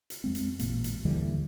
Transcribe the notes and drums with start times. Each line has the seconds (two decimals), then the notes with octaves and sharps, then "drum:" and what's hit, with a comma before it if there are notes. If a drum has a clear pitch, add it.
0.10 drum: hi-hat
0.24 F2 G#3 C4
0.35 drum: hi-hat
0.59 A1 A#2 A#3, drum: hi-hat
0.84 drum: hi-hat
1.05 D#2 D3 E3 G3